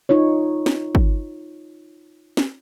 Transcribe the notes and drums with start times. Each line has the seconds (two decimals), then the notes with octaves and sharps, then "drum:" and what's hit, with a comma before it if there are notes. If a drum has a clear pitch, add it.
0.09 D#4 F4 C#5
0.66 drum: snare
0.95 drum: kick
2.37 drum: snare